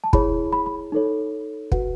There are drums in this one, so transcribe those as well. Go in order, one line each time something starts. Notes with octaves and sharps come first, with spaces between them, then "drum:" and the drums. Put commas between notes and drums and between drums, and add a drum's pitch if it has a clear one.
A5
E4 G#4 C#5 B5, drum: kick
B5
B5
D#4 A4 C#5
F#4 B4 F#5, drum: kick